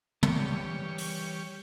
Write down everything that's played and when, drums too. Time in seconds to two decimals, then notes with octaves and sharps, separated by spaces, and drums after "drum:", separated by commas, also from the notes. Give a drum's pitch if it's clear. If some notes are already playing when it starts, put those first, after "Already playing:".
0.23 E3 G3 C#5 D5, drum: tom
0.98 drum: open hi-hat